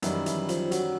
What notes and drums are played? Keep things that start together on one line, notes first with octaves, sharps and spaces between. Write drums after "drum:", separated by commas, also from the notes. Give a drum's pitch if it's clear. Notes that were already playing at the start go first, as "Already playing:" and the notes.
F#2 D#3 E3 G3, drum: hi-hat
E3, drum: hi-hat
F3, drum: hi-hat
F#3, drum: hi-hat